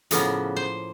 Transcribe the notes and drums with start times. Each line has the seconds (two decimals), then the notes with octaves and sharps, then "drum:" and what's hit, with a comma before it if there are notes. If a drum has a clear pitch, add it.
0.11 A2 C#3 F3 A#3 B3, drum: hi-hat
0.56 C5